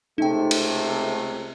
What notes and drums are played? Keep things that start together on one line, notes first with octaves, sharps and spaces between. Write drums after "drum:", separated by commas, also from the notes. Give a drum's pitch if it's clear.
C#2 C3 A3 D#4 G5
drum: cymbal